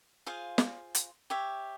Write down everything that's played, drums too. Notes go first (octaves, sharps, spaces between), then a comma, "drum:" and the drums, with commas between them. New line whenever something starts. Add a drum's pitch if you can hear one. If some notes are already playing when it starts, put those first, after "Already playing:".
F4 G#4 C5 F5
drum: snare
drum: hi-hat
G4 C#5 E5